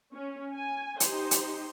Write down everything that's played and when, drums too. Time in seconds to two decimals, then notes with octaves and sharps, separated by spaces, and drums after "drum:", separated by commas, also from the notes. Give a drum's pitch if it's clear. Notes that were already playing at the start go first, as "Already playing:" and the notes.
0.12 C#4
0.54 G#5
1.00 D#4 G4 C5, drum: hi-hat
1.31 drum: hi-hat